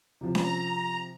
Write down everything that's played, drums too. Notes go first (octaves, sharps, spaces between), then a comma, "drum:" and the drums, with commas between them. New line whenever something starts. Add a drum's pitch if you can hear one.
C3 F3
drum: snare C#4
A#5